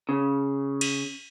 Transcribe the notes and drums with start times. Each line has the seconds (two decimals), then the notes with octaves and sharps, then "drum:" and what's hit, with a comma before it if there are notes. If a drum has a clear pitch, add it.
0.09 C#3
0.81 drum: cymbal